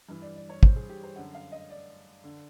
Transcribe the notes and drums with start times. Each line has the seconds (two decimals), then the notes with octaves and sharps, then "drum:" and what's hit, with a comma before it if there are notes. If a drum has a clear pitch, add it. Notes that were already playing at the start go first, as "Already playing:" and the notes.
0.09 G2 E3
0.22 D5
0.36 D5
0.50 C#5
0.63 C5, drum: kick
0.76 G#4
0.89 G4
1.04 C5
1.16 F#2 D3 F#5
1.35 F5
1.52 D#5
1.70 D5
2.24 D3